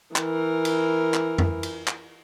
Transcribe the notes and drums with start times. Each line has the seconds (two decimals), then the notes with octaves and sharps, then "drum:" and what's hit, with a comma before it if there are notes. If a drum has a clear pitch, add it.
0.16 E3 A#4, drum: clap
0.65 drum: cymbal
1.14 drum: clap
1.38 drum: tom F2
1.63 drum: cymbal
1.87 drum: clap